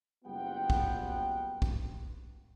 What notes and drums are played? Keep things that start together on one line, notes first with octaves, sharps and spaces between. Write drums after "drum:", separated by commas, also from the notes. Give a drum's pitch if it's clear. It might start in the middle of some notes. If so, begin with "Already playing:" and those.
F#1 G3 B3 F4 F#5 G5
drum: kick
drum: kick